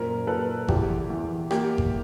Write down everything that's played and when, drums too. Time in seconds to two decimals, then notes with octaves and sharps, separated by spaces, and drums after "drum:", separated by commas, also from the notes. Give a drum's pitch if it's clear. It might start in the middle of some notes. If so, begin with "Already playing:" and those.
Already playing: F#2 A#2 A#4 C5
0.27 A#2 A4 B4
0.68 E2 G4, drum: kick G#1
1.10 E2
1.51 A#3 G4, drum: rim click
1.78 drum: kick G#1